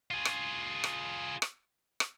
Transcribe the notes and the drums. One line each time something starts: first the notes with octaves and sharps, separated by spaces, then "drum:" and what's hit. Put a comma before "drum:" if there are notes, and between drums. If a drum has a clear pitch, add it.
F4 G#4
drum: rim click
drum: rim click
drum: rim click
drum: rim click